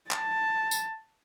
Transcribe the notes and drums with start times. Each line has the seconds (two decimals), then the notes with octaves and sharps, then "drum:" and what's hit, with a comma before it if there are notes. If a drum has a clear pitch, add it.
0.11 A5, drum: clap
0.71 drum: tambourine